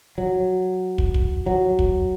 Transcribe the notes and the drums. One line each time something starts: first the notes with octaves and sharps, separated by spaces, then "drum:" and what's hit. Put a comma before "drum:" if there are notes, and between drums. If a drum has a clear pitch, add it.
F#3
drum: kick
drum: kick
F#3
drum: kick